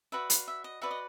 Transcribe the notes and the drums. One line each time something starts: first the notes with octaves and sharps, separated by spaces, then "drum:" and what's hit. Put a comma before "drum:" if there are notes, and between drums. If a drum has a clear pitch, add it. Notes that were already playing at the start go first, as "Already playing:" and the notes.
F#4 B4 D5 E5
F5, drum: hi-hat
E5
D#5
F#4 B4 D5 E5
D#5